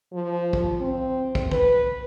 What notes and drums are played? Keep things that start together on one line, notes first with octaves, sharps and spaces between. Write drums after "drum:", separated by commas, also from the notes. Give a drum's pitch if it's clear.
F3
drum: kick
C4
drum: kick
B4, drum: kick